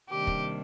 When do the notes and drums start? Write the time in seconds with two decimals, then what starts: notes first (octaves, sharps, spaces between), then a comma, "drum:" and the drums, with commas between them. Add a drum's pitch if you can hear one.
0.09 C3 D#3 G3 A#3 D4 G4
0.27 drum: kick